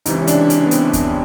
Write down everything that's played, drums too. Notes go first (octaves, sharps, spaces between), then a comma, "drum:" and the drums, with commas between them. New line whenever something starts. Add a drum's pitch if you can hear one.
C#2 C3 E3 D#4, drum: hi-hat
C#4
D4, drum: hi-hat
C#4, drum: hi-hat
B3
C4, drum: hi-hat
drum: kick E2, hi-hat